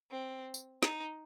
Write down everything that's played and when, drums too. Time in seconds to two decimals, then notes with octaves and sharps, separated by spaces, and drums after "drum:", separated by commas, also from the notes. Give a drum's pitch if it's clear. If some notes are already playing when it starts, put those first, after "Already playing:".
0.11 C4
0.54 drum: tambourine
0.83 D#4, drum: snare